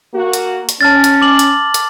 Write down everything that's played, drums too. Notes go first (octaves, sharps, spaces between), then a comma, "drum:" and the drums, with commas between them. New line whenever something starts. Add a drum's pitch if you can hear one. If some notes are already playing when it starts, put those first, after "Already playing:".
A#3 F#4
drum: hi-hat
drum: hi-hat
C#4 A5 F6 A6
drum: hi-hat
D6 F#7
drum: hi-hat
drum: hi-hat